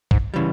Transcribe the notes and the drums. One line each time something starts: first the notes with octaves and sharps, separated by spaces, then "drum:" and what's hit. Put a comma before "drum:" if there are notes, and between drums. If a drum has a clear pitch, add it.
G#2, drum: kick A#1
C#3 E3 G3